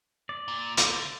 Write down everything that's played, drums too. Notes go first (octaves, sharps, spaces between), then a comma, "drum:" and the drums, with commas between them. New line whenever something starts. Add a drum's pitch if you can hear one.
D5
A#2
D3, drum: hi-hat